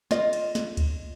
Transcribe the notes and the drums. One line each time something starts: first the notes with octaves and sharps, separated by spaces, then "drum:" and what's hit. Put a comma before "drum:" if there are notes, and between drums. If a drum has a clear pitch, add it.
F4 D#5, drum: snare
drum: cymbal
drum: snare
drum: kick C#2, cymbal